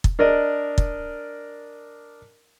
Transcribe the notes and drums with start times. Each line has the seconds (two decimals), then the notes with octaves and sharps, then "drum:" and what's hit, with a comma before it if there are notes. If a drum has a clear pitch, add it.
0.04 drum: kick
0.19 D4 A#4 D5 D#5
0.78 drum: kick